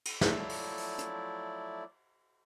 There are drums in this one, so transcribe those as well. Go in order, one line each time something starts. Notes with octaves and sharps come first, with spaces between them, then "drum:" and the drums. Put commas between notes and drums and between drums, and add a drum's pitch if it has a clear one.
drum: cymbal
F3 F#3 A3 E4 D5, drum: snare
drum: open hi-hat
drum: open hi-hat
drum: hi-hat